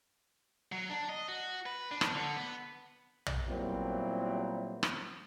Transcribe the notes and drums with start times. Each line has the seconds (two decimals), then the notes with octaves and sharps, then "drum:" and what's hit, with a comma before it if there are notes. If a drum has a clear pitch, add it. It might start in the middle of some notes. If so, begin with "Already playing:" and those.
0.72 F#3
0.90 D4
1.09 D#5
1.28 F#4
1.66 B4
1.91 D4
2.01 drum: rim click
2.14 D3
2.37 B3
3.26 drum: tom
3.48 A#2 F#3 G3 B3 C4 E4
4.83 drum: rim click